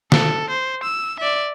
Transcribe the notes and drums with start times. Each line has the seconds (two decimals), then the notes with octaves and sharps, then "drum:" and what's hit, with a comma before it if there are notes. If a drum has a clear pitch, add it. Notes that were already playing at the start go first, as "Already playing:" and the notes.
0.12 A4, drum: snare
0.50 C5
0.83 E6
1.20 D5 E5